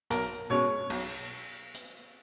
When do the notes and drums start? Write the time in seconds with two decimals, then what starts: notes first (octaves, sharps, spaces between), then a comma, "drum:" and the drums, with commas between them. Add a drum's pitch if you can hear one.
0.10 B1 A#4, drum: hi-hat
0.50 B2 G#3 C#4 C#5
0.90 B1, drum: cymbal
1.74 drum: hi-hat